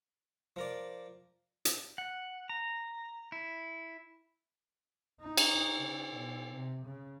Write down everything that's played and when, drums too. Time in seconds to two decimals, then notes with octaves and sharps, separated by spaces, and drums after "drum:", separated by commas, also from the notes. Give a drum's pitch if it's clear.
0.56 F3 A#4 D5
1.65 drum: hi-hat
1.98 F#5
2.49 A#5
3.32 E4
5.21 D#4
5.37 drum: cymbal
5.75 C#3
6.14 B2
6.52 C3
6.86 C#3